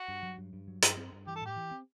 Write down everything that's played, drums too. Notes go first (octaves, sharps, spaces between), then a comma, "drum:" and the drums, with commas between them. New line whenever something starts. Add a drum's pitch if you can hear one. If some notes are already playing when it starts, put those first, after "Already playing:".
Already playing: F#4
G2
F#3
G2
G2
F#3
G2, drum: hi-hat
C4
G2
E3 G4
A4
A2 G4
E3
C4